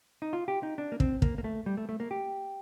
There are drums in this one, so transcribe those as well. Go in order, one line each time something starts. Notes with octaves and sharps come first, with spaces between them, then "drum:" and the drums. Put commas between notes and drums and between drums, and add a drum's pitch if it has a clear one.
D#4
F4
G4
D#4
D4
A#3
C4, drum: kick
A#3, drum: kick
A#3
A3
G3
A3
A3
A#3
G4